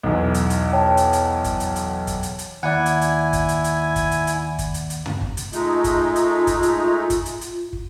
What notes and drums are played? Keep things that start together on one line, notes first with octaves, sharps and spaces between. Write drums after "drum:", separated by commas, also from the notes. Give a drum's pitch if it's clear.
B1 E2
drum: hi-hat
drum: hi-hat
C#5 G5 A5
drum: hi-hat
drum: hi-hat
drum: kick, hi-hat
drum: hi-hat
drum: hi-hat
drum: kick, hi-hat
drum: hi-hat
drum: hi-hat
D#2 E4 D5 F#5 G#5
drum: hi-hat
drum: hi-hat
drum: kick, hi-hat
drum: hi-hat
drum: hi-hat
drum: kick, hi-hat
drum: hi-hat
drum: hi-hat
drum: kick, hi-hat
drum: hi-hat
drum: hi-hat
drum: tom
drum: kick
drum: hi-hat
G#3 A3 D#4 F4, drum: hi-hat
drum: kick, hi-hat
drum: hi-hat
drum: kick, hi-hat
drum: hi-hat
drum: kick, hi-hat
drum: hi-hat
drum: hi-hat
drum: kick